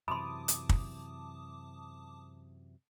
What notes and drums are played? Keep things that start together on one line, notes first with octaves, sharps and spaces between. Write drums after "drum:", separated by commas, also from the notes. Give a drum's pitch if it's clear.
F#2 C3 E3 A5 B5 C6 D6 D#6
drum: hi-hat
drum: kick